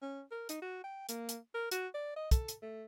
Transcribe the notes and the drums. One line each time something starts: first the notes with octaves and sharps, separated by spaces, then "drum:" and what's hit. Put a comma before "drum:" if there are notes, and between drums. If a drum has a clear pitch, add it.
C#4
A#4
D#4, drum: hi-hat
F#4
G5
A#3, drum: hi-hat
drum: hi-hat
A#4
F#4, drum: hi-hat
D5
D#5
A4, drum: kick, hi-hat
drum: hi-hat
A3